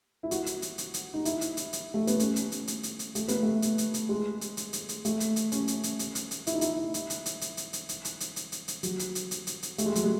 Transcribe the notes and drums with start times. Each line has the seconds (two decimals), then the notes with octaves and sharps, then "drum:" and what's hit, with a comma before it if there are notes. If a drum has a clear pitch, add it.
0.23 E4
0.31 F#4, drum: hi-hat
0.46 drum: hi-hat
0.62 drum: hi-hat
0.78 drum: hi-hat
0.94 drum: hi-hat
1.14 D#4
1.25 E4, drum: hi-hat
1.41 drum: hi-hat
1.57 drum: hi-hat
1.73 drum: hi-hat
1.94 A3
2.07 B3, drum: hi-hat
2.20 C#4, drum: hi-hat
2.36 drum: hi-hat
2.52 drum: hi-hat
2.68 drum: hi-hat
2.83 drum: hi-hat
2.99 drum: hi-hat
3.15 A3, drum: hi-hat
3.28 B3, drum: hi-hat
3.43 A3
3.62 drum: hi-hat
3.78 drum: hi-hat
3.94 drum: hi-hat
4.09 G#3
4.41 drum: hi-hat
4.57 drum: hi-hat
4.73 drum: hi-hat
4.89 drum: hi-hat
5.05 A3, drum: hi-hat
5.20 drum: hi-hat
5.36 drum: hi-hat
5.52 C#4, drum: hi-hat
5.68 drum: hi-hat
5.83 drum: hi-hat
5.99 drum: hi-hat
6.15 drum: hi-hat
6.31 drum: hi-hat
6.47 E4, drum: hi-hat
6.54 D#4
6.61 E4, drum: hi-hat
6.94 drum: hi-hat
7.10 drum: hi-hat
7.26 drum: hi-hat
7.41 drum: hi-hat
7.57 drum: hi-hat
7.73 drum: hi-hat
7.89 drum: hi-hat
8.05 drum: hi-hat
8.20 drum: hi-hat
8.36 drum: hi-hat
8.52 drum: hi-hat
8.68 drum: hi-hat
8.83 F#3, drum: hi-hat
8.99 drum: hi-hat
9.15 drum: hi-hat
9.31 drum: hi-hat
9.47 drum: hi-hat
9.63 drum: hi-hat
9.78 A3, drum: hi-hat
9.86 G#3
9.95 F#3, drum: hi-hat
10.04 G#3